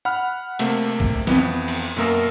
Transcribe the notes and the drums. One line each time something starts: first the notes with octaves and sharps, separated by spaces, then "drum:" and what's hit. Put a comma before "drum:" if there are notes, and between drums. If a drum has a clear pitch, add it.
F#5 B5 F6
C3 A3 A#3, drum: cymbal
drum: kick
F2 E3 B3, drum: snare
drum: cymbal
F#2 B2 A#3 A#4 E6